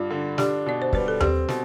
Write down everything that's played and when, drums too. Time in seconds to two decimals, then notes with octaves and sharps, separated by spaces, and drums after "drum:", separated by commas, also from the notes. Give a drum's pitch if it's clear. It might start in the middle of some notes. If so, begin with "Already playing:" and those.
Already playing: G2 D3 G3 F4
0.10 D3
0.38 D4 G4, drum: snare
0.66 B2 D5
0.82 C5
0.93 G3 B4, drum: kick
1.08 A4
1.21 C4 G4, drum: tom D#2
1.48 B2, drum: snare